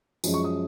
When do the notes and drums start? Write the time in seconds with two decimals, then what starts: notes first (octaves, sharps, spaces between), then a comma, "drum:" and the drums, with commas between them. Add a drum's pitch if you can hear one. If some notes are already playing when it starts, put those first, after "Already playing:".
0.24 F#2 F3 G#3 C#4, drum: tambourine
0.34 C#6
0.44 D#6